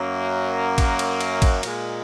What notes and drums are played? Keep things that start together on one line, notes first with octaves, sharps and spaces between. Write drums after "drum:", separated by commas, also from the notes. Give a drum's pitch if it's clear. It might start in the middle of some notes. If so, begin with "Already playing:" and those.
Already playing: F#2 F#3 A#3
drum: kick, cymbal
drum: cymbal
drum: cymbal
drum: kick, cymbal
A#2 G#3, drum: cymbal